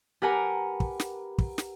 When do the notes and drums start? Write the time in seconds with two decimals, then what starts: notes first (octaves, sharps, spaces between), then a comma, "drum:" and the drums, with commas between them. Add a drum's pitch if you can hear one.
0.22 G4 A#4 B4 F#5 G#5 A#5
0.80 drum: kick
1.00 drum: snare
1.38 drum: kick
1.58 drum: snare